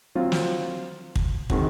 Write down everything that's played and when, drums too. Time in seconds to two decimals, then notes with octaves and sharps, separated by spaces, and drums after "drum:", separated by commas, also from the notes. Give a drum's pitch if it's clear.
0.15 F#3 C4 F4
0.32 drum: snare
1.16 drum: kick
1.50 D#3 G#3 C4 F#4, drum: kick